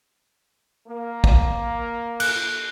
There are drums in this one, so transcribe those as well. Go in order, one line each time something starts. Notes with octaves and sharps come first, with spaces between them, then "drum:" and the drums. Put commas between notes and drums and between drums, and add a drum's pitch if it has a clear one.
A#3
drum: kick
F#6, drum: cymbal